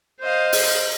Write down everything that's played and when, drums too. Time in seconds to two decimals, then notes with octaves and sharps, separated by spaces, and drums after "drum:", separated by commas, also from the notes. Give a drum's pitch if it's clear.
0.22 C5 D#5 F5
0.52 drum: open hi-hat